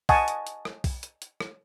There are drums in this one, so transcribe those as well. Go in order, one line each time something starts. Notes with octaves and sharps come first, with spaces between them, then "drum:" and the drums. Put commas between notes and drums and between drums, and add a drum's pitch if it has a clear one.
D#5 F#5 G#5 A5 C#6 D#6, drum: kick, open hi-hat
drum: hi-hat
drum: hi-hat
drum: rim click
drum: kick, open hi-hat
drum: hi-hat
drum: hi-hat
drum: rim click